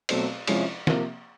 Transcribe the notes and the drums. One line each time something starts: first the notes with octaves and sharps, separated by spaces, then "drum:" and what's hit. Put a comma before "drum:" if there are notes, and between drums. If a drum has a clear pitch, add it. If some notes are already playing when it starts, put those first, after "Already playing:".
B2 F#3 A3 C4, drum: cymbal
C3 F3 G#3 C#4 E4, drum: cymbal
C3 F3 A#3, drum: snare